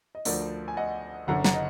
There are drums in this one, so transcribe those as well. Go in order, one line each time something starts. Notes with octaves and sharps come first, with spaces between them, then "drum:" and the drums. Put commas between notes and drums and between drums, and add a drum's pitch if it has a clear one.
D#5
D2 D3 F3 A#4 D5, drum: open hi-hat
G#5
D#5 F#5
F#1 F#2 D3 F#3 F#5 A#5
F#5 A#5, drum: snare
D#5